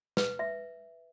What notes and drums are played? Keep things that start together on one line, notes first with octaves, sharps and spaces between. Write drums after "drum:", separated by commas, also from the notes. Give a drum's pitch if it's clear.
B4, drum: snare
E5